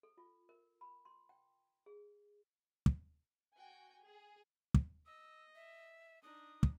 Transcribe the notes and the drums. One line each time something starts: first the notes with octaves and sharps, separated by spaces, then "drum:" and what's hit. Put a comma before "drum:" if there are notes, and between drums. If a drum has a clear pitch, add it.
A4
F4
A#4
B5
C6
G5
G#4
drum: kick
F#4 G5 G#5
G#4
drum: kick
D#5 E6
E5
D4 D#4 D#6
drum: kick